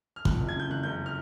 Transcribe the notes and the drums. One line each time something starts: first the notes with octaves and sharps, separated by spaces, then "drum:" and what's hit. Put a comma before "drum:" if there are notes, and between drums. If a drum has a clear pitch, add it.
F6
F2 F#6, drum: kick
F#1
G#6
C#3 G6
F#1 F#6
F#1 G6
F6